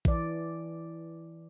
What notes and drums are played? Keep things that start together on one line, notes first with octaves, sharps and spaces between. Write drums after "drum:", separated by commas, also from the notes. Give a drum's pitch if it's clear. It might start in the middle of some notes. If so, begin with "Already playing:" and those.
E3 D5, drum: kick A#1